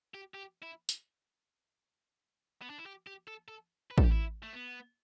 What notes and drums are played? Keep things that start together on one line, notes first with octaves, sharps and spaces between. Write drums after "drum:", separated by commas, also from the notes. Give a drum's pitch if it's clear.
G4
G4
E4
drum: hi-hat
B3
D4
E4
G4
G4
A4
A4
B4
A4, drum: kick
G4
E4
A3
B3